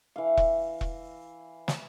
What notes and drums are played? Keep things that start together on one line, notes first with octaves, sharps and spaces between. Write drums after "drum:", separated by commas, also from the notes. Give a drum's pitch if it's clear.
E3 F5
drum: kick E1
drum: kick E1
drum: snare